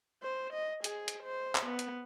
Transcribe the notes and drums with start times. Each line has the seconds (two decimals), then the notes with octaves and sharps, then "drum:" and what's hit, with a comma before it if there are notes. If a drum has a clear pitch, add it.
0.23 C5
0.53 D#5
0.84 G#4, drum: hi-hat
1.08 drum: hi-hat
1.24 C5
1.55 drum: clap
1.66 B3
1.79 drum: hi-hat